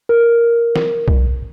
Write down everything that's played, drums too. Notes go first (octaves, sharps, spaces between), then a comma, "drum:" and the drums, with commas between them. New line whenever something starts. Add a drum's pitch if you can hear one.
A#4
drum: snare
drum: kick B1